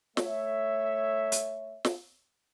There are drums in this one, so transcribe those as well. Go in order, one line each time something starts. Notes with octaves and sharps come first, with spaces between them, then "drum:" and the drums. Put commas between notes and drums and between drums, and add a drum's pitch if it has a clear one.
A3 C#5 E5, drum: snare
drum: hi-hat
drum: snare